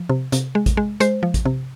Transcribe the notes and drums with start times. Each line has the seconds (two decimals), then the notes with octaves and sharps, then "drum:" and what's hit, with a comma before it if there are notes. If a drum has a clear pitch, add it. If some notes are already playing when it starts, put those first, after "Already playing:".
Already playing: F3
0.09 C3
0.32 C3, drum: hi-hat
0.55 G#3
0.66 drum: kick, hi-hat
0.77 G#3
1.00 G#3 C5, drum: hi-hat
1.23 F3
1.34 drum: kick, hi-hat
1.45 C3